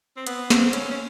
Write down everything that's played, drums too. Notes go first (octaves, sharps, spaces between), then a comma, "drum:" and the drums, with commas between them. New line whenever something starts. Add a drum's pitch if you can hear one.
C4
B3, drum: hi-hat
C4, drum: snare
C#4, drum: hi-hat
C#4